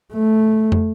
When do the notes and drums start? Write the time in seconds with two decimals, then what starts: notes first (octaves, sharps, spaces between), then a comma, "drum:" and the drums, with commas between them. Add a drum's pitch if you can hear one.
0.13 A3
0.72 drum: tom